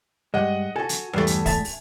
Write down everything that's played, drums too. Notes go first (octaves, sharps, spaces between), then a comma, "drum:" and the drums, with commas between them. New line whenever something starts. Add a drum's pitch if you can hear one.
G2 G#3 D#5 F#5
F#4 A4 G#5
drum: hi-hat
E2 G2 A3
drum: hi-hat
E5 A5, drum: kick, open hi-hat
drum: open hi-hat